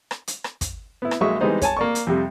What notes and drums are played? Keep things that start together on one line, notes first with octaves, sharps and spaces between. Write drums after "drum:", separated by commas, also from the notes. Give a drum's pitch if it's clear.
drum: rim click
drum: hi-hat
drum: rim click
drum: kick, hi-hat
B3 E4
drum: rim click
A#1 F#3 G#3 E5 C#6 D#6
E3 G3 G#3 B3 D#4 C5
C#5 G#5 A5, drum: kick, hi-hat
A#3 D5 C#6
drum: hi-hat
F2 C3 G3